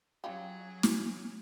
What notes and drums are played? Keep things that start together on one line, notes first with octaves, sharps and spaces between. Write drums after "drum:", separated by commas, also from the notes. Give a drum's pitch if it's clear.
F#3 C#4 F4 G4 G#4
drum: snare